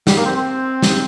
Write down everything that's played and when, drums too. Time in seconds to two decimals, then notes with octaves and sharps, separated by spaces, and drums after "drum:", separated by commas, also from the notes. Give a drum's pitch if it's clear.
0.07 G3, drum: snare
0.17 A#3
0.25 C4
0.36 C4
0.82 drum: snare